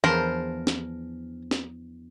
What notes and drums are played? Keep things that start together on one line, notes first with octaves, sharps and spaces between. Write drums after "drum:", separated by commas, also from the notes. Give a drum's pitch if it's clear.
E2 F3 D4 A#4 C5
drum: snare
drum: snare